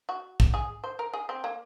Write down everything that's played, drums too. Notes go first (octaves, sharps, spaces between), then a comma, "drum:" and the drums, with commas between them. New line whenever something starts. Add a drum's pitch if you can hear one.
F#4
drum: kick
G#4
C5
A#4
G#4
C4
A#3